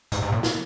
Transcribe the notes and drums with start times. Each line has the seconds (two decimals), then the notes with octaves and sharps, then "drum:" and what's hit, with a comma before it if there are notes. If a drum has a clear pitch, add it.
0.12 G#2, drum: hi-hat
0.22 G#2
0.32 A#2
0.43 drum: snare